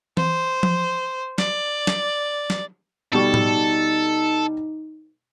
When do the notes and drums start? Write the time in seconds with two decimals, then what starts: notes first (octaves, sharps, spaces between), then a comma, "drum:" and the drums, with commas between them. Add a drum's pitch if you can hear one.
0.17 C5, drum: tom E3
0.63 drum: tom F3
1.38 D5, drum: snare
1.87 drum: snare
2.50 drum: snare
3.13 B2 G3 D#4 A4 C#6
3.34 drum: tom A2